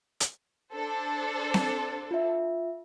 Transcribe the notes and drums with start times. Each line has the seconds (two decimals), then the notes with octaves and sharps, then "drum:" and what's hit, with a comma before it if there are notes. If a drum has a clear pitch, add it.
0.20 drum: hi-hat
0.73 D4 A4 C5
1.54 drum: snare C4
2.11 F4 E5